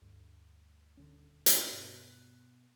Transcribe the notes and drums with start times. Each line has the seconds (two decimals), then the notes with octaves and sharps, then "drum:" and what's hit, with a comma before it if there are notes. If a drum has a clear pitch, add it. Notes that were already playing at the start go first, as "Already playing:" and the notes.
0.02 D2 G2
0.97 D#1 D3 C#4
1.46 drum: hi-hat
1.73 G2 B2 F#6